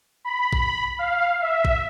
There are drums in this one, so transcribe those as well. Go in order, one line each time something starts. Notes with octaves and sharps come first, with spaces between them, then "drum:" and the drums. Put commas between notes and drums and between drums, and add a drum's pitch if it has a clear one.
B5
drum: kick A1
F5
E5
drum: kick A1